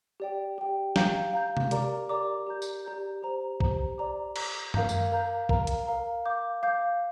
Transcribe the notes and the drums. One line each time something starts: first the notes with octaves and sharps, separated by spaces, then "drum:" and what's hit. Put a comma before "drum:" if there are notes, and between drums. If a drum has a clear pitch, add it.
G4 D5 G5
G4 D5 G5
F5 A#5 G6, drum: snare
F5 A#5 G6
drum: tom C3
G4 A#4 D5 A#5 D6, drum: hi-hat
G4 A#4 D5 A#5 D6
G4 D5 A#5 G6
drum: tambourine
G4 D5 A#5 G6
G4 C5 A#5
G4 C5 A#5, drum: kick
D5 A#5 D6
D5 A#5 D6, drum: cymbal
A#4 F5 A#5 G6, drum: tom F#2
drum: tambourine
A#4 F5 A#5 G6
A#4 F5 A#5, drum: kick
drum: hi-hat
A#4 F5 A#5
F5 D6 G6
F5 D6 G6